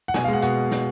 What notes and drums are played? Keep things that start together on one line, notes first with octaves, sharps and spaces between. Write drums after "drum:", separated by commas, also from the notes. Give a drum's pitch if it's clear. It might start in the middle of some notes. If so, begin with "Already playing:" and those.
F#5
B2 G#5, drum: snare
F5
G#3 F#5
B2 F#5, drum: hi-hat
drum: snare